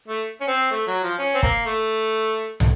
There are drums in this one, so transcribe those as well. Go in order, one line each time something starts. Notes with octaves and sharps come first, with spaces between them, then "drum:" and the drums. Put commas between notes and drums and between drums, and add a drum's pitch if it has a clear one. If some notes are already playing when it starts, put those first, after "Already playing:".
A3
C#4
C4
A3
F#3
F3
C#4
C4
A#3, drum: kick
A3
drum: tom